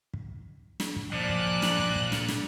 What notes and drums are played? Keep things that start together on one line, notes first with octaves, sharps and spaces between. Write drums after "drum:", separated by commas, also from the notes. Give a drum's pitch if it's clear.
drum: kick
drum: snare
drum: kick
A#2 F3 D5 F#6
drum: kick
drum: snare
drum: kick
drum: kick
drum: snare
drum: snare